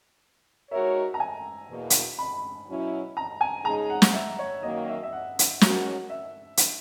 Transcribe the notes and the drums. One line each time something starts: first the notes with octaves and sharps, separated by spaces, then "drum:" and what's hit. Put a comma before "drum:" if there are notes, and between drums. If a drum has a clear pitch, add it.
G#3 D#4 F#4 A#4 C#5 E5
A#5
G#5
E2 B2 A#3
drum: hi-hat
B5
B2 F#3 C#4 E4
A#5
G#5
C#3 G#3 D#4 G#4 A#5
F#5
drum: snare
E5
C#5
F#2 D#3 F#3 A#3 D#5
E5
E5
F#5
drum: hi-hat
G#2 F#3 C#4 F#4 A#4, drum: snare
E5
drum: hi-hat